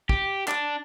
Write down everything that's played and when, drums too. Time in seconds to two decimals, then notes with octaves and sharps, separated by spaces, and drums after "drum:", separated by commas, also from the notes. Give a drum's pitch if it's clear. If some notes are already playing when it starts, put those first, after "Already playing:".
0.09 G4, drum: kick
0.48 D4, drum: clap